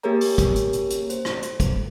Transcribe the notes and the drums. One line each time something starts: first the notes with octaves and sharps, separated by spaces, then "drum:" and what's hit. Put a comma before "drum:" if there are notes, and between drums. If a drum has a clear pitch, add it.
A#3 G4 G#4 A#4 C#5 A#5
drum: open hi-hat
drum: kick, hi-hat
drum: hi-hat
drum: hi-hat
drum: hi-hat
C5, drum: hi-hat
drum: rim click
drum: hi-hat
drum: kick, hi-hat